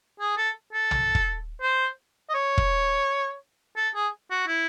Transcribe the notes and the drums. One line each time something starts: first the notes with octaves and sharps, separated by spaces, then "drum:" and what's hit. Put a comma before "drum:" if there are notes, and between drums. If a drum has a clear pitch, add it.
G#4
A4
A4
drum: tom
drum: kick
C5
D#5
C#5
drum: kick
A4
G#4
F#4
E4